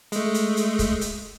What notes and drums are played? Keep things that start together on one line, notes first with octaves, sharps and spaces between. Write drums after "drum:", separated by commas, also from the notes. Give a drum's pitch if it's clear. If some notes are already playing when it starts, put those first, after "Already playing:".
G#3 A3, drum: hi-hat
drum: hi-hat
drum: hi-hat
drum: kick, hi-hat
drum: hi-hat